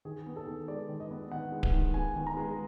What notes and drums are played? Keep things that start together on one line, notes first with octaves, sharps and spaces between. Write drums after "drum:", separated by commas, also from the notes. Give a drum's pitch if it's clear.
D#3 G#4
B3
A4
D#3
G#3 D5
D#3
D#5
B3
D#3 F#5
G#3
drum: kick D1
D#3
B3 G#5
D#3
A#5
G#3